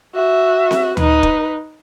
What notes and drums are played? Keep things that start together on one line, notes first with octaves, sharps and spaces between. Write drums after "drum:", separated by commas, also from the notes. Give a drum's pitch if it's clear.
F#4 E5
drum: snare C4
D#4 B4, drum: tom D2
drum: kick